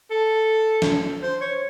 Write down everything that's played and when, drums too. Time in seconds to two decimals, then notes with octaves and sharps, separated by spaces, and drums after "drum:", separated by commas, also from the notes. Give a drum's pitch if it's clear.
0.10 A4
0.82 drum: snare
1.23 C5
1.41 C#5